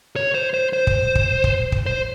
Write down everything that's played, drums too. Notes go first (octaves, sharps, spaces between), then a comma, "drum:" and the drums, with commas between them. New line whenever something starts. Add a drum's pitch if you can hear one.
C#5
C5
C5
C5
drum: kick
drum: kick
drum: kick
drum: kick
C5